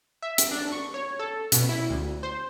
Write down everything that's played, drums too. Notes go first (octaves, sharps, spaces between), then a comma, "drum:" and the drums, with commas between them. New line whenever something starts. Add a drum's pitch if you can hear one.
E5
drum: hi-hat
D4
C#6
C#5
A4
B2, drum: hi-hat
E4
D2
C5